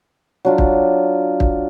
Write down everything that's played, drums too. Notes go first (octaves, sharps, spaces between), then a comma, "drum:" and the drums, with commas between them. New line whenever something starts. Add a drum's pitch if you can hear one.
F#3 D4 F4
drum: kick
drum: kick